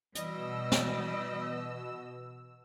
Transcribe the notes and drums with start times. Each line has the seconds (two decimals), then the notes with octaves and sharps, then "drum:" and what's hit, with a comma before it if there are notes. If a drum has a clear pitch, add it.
0.15 B2 E3 G3 D#5 E6, drum: hi-hat
0.72 drum: snare